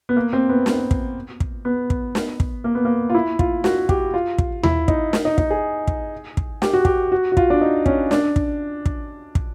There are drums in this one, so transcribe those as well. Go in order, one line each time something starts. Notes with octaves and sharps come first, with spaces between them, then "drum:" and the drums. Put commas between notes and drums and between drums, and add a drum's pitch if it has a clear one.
B3
A#3
C4
B3
drum: snare
drum: kick
drum: kick
B3
drum: kick
drum: snare
drum: kick
A#3
B3
A#3
F4
E4
F4, drum: kick
F#4, drum: snare
G4, drum: kick
F4
drum: kick
E4, drum: tom D#2
D#4, drum: kick
drum: snare
D#4
D#4, drum: kick
G#4
drum: kick
drum: kick
G4, drum: snare
F#4
G4, drum: kick
F#4
F#4
F4, drum: kick
D4
D#4
C#4, drum: kick
D4, drum: snare
drum: kick
drum: kick
drum: kick